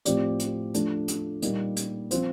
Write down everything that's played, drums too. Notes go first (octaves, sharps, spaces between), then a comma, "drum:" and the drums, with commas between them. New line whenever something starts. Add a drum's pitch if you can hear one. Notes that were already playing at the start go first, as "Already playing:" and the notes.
A2 F3 C4 G4 D5, drum: hi-hat
drum: hi-hat
F3 A3 D4, drum: hi-hat
drum: hi-hat
A#2 G3 A#3 D#4, drum: hi-hat
drum: hi-hat
F3 C4 F4 C5, drum: hi-hat